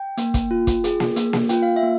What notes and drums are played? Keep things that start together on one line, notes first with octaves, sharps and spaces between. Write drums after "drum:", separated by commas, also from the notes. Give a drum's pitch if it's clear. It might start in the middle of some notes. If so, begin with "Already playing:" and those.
Already playing: G5
A#3, drum: hi-hat
drum: kick, hi-hat
F4
drum: kick, hi-hat
G#4, drum: hi-hat
drum: snare A#3
A#3, drum: hi-hat
drum: snare A#3
F4 G5, drum: hi-hat
F5
E5
A#3